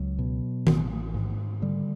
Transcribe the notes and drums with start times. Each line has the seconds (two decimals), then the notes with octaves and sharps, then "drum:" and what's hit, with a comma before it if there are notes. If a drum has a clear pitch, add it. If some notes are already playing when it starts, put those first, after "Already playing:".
Already playing: C#2 F#3
0.19 B2
0.67 A1, drum: tom D#3
1.14 G#2
1.62 D3 G3